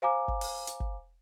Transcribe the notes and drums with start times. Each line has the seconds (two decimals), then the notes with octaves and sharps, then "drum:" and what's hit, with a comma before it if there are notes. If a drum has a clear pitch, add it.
0.02 C5 F5 G#5 A#5 D6
0.28 drum: kick
0.41 drum: open hi-hat
0.67 drum: hi-hat
0.80 drum: kick